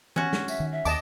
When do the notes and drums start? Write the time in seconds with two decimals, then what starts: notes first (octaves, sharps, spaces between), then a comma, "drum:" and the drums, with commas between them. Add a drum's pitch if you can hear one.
0.16 C#4 F#4, drum: tom E3
0.33 drum: snare
0.48 E5, drum: tambourine
0.60 D#3
0.71 E5
0.85 D#2 D#5 A5 D6, drum: tambourine